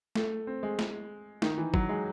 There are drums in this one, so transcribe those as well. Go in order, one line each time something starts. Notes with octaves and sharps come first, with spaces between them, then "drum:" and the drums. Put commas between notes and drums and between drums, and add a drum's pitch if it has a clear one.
A3, drum: snare
C4
G#3
drum: snare
D#3, drum: snare
E3
F#3, drum: kick
G#3